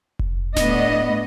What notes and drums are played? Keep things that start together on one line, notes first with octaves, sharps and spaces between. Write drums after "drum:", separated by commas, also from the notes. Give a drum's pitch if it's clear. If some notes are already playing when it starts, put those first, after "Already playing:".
drum: kick F1
A2 A3 B3 D4 D#5, drum: snare D1